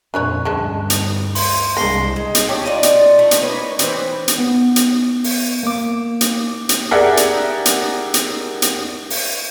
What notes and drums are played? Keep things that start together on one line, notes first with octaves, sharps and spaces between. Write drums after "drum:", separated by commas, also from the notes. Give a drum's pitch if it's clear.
F2 A#2 D4 B4 C#5
D2 G2 G#3 C#4 A5
F7, drum: hi-hat
C6, drum: open hi-hat
C2 G#3 A#3 D4 A#6 C7 G7
G#3
drum: hi-hat
G4 A4 C#5
D#4 F4 D5
drum: hi-hat
A3
drum: hi-hat
A#3 B4 C#5
E3 C4 B4, drum: hi-hat
drum: hi-hat
B3
drum: hi-hat
drum: open hi-hat
A#3 D6
drum: hi-hat
drum: hi-hat
G4 G#4 A#4 D5 E5 F#5
drum: hi-hat
drum: hi-hat
drum: hi-hat
drum: hi-hat
drum: open hi-hat